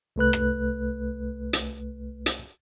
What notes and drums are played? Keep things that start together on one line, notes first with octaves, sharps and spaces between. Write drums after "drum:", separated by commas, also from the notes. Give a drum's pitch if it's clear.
C2 A3 B4 F#6
drum: rim click
drum: hi-hat
drum: hi-hat